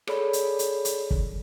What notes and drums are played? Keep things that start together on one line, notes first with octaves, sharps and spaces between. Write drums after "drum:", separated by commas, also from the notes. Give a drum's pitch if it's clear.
G#4 A4 C#5 D5 B5, drum: rim click
drum: hi-hat
drum: hi-hat
drum: hi-hat
drum: kick